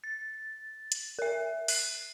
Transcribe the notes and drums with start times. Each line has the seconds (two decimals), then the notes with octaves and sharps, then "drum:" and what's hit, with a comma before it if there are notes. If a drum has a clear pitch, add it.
0.04 A6
0.92 drum: hi-hat
1.19 A#4 E5
1.68 F#6 C7, drum: open hi-hat